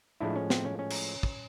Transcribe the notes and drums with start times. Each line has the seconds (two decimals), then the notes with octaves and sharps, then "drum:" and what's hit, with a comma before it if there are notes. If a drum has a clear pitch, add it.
0.20 A2 F3 G#3 D4 E4
0.36 C#4
0.50 C4, drum: snare
0.65 C#4
0.79 C#4
0.90 drum: cymbal
1.23 drum: kick